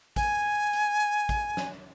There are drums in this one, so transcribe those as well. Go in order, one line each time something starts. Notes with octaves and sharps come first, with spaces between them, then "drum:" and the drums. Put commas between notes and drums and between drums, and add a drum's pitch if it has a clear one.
G#5, drum: kick A1, hi-hat
drum: hi-hat
drum: kick A1, hi-hat
drum: snare C#4